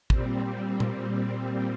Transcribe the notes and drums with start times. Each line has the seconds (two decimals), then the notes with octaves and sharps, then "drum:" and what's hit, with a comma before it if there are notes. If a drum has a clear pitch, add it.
0.10 A#2 G3 C4, drum: kick
0.80 drum: tom A#2